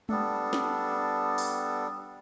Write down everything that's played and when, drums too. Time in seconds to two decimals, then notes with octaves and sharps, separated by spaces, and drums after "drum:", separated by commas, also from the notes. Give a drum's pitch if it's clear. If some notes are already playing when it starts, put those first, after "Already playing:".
0.09 G3 B3 D4 A4, drum: tom G#3
0.53 drum: snare
1.38 drum: open hi-hat